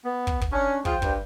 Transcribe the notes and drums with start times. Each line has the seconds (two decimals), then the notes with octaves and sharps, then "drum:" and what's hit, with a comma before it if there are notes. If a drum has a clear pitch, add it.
0.05 B3
0.27 drum: kick
0.41 drum: kick
0.52 C#4 D4
0.85 F3 G#3 F4 C5 G5, drum: kick
1.02 G2, drum: kick